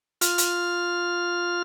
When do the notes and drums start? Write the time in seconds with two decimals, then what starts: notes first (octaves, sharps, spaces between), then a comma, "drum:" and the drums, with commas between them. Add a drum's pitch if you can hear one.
0.21 F4 F6, drum: hi-hat
0.38 drum: hi-hat